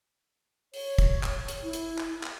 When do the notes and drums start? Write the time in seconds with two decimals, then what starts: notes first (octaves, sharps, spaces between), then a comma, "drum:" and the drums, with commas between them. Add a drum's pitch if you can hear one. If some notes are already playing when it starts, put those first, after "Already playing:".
0.74 C#5, drum: open hi-hat
0.98 drum: kick, hi-hat
1.23 drum: clap
1.48 drum: hi-hat
1.63 E4
1.73 drum: hi-hat
1.98 drum: clap
2.23 drum: clap